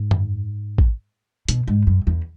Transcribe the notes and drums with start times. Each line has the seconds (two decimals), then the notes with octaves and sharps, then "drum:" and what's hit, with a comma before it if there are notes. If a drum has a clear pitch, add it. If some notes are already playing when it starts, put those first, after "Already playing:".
Already playing: G#2
0.11 drum: tom F#2
0.78 drum: kick A1
1.49 B2, drum: hi-hat
1.68 G#2
1.87 F#2
2.07 E2